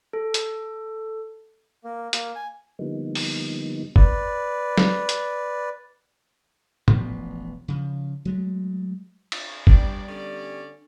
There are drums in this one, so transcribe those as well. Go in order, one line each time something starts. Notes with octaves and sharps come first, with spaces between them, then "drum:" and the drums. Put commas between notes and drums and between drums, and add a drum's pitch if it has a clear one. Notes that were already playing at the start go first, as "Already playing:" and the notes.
A4
drum: hi-hat
A#3
A#3, drum: hi-hat
G#5
D3 F3 G3 A#3 B3 D#4
drum: open hi-hat
B4 D5, drum: kick F#1
drum: snare
drum: hi-hat
E1 A1 F3 B3, drum: tom A2
C#3 F3
F#3 G#3 A3
drum: cymbal
G2 G3 B3 D4 D5, drum: kick F#1
D3 C#4 D5